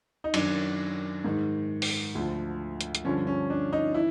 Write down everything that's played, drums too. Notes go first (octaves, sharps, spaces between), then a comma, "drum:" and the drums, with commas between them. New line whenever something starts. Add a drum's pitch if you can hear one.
D#4
F#2 D#3 D4, drum: cymbal
G#2 D#3
drum: open hi-hat
D2 D3 F3
drum: hi-hat
drum: hi-hat
G2 D3 F3 C#4
C#4
D4
D#4
E3 E4